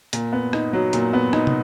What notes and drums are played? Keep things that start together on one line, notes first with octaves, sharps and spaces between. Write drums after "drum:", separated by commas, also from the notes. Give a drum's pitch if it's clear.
A#2, drum: hi-hat
B3
D#4, drum: rim click
F#3
A#2, drum: hi-hat
B3
D#4, drum: rim click
drum: tom